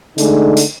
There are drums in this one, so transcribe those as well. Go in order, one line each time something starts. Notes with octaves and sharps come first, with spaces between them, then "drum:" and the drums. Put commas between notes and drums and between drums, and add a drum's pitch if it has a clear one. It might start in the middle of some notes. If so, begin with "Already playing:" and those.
D3 G#3 A3 D#4, drum: hi-hat
drum: hi-hat